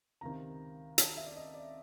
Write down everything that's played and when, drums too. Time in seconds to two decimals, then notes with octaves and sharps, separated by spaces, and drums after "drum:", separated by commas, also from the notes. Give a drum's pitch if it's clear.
0.21 C#2 C3 D#3 A#5
0.98 A5, drum: hi-hat
1.17 E5
1.26 D5
1.36 D#5
1.54 D5